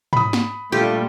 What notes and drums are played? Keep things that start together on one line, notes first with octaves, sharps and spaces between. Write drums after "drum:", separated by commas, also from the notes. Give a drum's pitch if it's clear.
B5 D#6, drum: tom G#2
drum: snare
G2 A#2 G3 A3 F4 G4